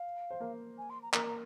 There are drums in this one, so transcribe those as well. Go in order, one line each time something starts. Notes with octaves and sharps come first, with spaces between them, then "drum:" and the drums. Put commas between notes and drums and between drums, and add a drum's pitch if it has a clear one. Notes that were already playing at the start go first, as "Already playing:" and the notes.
Already playing: F5
C5
A#3 A#4
G#5
C6
A#5
A#3 A#4 A#5, drum: clap
A#5